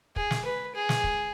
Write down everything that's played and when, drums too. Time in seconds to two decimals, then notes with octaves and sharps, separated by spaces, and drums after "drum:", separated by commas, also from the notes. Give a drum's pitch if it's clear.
0.16 G#4, drum: kick
0.31 drum: snare
0.45 B4
0.75 G#4
0.89 drum: snare
1.04 drum: kick